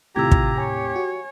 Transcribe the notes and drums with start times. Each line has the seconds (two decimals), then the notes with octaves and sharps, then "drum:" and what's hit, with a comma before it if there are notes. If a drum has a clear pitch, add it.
0.16 D#2 A2 C3 F4 G4 A#5 E6 G#6
0.32 drum: kick
0.58 C#5 G#5
0.96 F#4